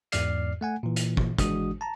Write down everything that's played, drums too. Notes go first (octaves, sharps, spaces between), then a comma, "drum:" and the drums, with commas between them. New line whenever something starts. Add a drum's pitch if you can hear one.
E2 G#2 D5 F6 C7, drum: hi-hat
A3 F#5 G#5
A#2 E3
drum: hi-hat
drum: kick
G#1 E3 G#3 D4 F#4 D#6, drum: kick, hi-hat
A5 A#5